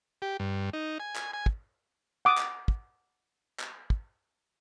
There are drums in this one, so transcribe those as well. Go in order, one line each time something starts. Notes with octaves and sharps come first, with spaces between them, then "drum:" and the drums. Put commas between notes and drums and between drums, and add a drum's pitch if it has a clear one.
G4
G2
D#4
G#5
drum: clap
G#5
drum: kick
F#5 D6 D#6
drum: clap
drum: kick
drum: clap
drum: kick